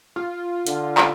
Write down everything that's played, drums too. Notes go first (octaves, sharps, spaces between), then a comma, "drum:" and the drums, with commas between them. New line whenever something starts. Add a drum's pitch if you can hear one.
F4
D3, drum: hi-hat
drum: clap